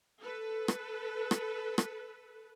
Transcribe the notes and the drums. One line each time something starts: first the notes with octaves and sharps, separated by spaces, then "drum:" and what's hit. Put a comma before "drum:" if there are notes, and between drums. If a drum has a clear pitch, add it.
A4 B4
drum: rim click
drum: rim click
drum: rim click